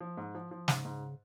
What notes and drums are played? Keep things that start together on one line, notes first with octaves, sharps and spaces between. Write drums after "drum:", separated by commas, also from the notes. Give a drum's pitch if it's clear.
F3
G#2
F3
F3
G#2 C#3, drum: snare
G#2